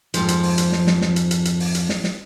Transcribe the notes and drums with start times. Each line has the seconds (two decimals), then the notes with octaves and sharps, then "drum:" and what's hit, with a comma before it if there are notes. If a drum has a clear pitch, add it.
0.14 F2 G#2 F3, drum: hi-hat
0.28 drum: hi-hat
0.43 drum: open hi-hat
0.58 drum: hi-hat
0.72 drum: snare
0.87 drum: snare
1.02 drum: snare
1.16 drum: hi-hat
1.31 drum: hi-hat
1.45 drum: hi-hat
1.60 drum: open hi-hat
1.75 drum: hi-hat
1.89 drum: snare
2.04 drum: snare